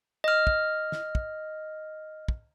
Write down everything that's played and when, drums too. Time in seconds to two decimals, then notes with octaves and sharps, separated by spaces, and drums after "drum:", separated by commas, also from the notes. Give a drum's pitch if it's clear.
0.24 D#5 F6
0.47 drum: kick
0.92 drum: snare
1.15 drum: kick
2.28 drum: kick